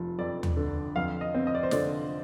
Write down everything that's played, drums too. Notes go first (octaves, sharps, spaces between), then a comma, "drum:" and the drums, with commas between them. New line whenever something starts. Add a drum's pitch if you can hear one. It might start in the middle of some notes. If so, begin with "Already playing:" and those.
Already playing: F1 F3
F2 D5
drum: tom D#2
D3
F2 F5
D#5
C4
D#5
D5
C5
D3 D5, drum: snare